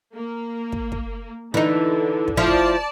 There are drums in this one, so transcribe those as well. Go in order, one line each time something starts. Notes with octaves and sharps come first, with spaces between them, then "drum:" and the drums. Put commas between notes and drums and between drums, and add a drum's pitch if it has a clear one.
A#3
drum: kick
drum: kick
D3 E3 D#4
drum: kick
F3 E4 D5 A5
drum: kick